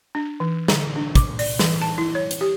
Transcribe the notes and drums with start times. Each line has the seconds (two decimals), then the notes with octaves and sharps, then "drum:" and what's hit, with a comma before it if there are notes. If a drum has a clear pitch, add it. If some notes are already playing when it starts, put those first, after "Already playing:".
0.15 D4
0.40 E3
0.68 D3, drum: snare
0.96 D4
1.15 D6, drum: kick, hi-hat
1.39 D5, drum: open hi-hat
1.59 E3, drum: snare
1.82 A5
1.98 E4
2.15 C#5
2.31 drum: hi-hat
2.41 G4